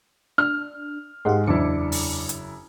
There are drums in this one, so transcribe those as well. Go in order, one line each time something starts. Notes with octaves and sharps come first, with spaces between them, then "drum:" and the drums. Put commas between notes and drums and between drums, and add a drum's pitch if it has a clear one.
D4 F6
G#2 G#3 G4 F5 F#5 C6
F#1 E2 D4 E4 D6 C#7
drum: open hi-hat
drum: hi-hat